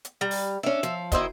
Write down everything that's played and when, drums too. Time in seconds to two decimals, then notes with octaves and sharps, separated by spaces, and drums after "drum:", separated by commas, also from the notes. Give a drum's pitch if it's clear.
0.05 drum: hi-hat
0.21 G3 A#5
0.31 drum: open hi-hat
0.63 C#4 D4 E5
0.83 F3, drum: hi-hat
1.12 B2 D#3 E4 C5 D#5, drum: kick, hi-hat